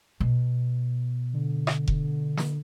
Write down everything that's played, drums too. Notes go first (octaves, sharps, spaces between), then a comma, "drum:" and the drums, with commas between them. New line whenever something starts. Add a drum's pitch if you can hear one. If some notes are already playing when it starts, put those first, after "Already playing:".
B2
D3
drum: rim click
drum: kick F1
drum: snare